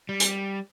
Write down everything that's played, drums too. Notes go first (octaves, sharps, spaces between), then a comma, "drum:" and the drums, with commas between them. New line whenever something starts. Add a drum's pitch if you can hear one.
G3
drum: hi-hat